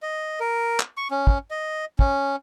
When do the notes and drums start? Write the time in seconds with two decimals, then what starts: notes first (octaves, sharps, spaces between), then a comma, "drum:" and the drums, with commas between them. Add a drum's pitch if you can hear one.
0.03 D#5
0.40 A#4
0.80 drum: clap
0.97 C#6
1.11 C#4
1.27 drum: kick
1.51 D#5
1.99 C#4, drum: kick